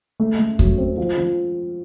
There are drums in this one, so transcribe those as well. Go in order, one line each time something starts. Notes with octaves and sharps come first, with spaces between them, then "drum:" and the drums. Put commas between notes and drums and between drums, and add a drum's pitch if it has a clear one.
A3
A3
F#3, drum: kick E2
C4
F3
F3